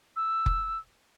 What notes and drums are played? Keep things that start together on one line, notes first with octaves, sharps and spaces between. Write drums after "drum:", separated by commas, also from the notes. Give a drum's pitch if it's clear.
E6
drum: kick F1